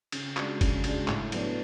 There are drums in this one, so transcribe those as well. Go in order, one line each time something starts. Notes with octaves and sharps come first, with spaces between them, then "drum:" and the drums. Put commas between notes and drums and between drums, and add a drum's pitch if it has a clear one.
C#3, drum: cymbal
G#3 D4 F#4, drum: clap
C#3, drum: kick F#1, cymbal
G#3 D4 F#4, drum: cymbal
A2, drum: clap
F#3 B3 D4, drum: cymbal